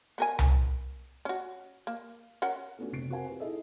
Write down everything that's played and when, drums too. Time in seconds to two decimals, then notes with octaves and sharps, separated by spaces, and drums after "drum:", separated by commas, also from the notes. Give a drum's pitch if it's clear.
0.18 B3 A#4 G#5
0.39 drum: tom C2
1.25 C#4 F#4
1.87 A#3
2.42 C#4 A#4 F#5
2.79 A3 B3 C#4 D4 F#4
2.93 F1 C4 C7 D7
3.10 C4 F#4 A#4 C5 F#5 G#5
3.28 G4 B4
3.40 D#4 E4 G#4 A4 D#5 E5